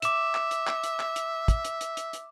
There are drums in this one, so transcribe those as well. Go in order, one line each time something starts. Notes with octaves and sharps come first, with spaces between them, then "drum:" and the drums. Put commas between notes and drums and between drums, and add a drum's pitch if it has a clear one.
E5 D6 E7, drum: hi-hat
drum: clap
drum: hi-hat
drum: clap
drum: hi-hat
drum: clap
drum: hi-hat
drum: kick, hi-hat
drum: hi-hat
drum: hi-hat
drum: hi-hat
drum: hi-hat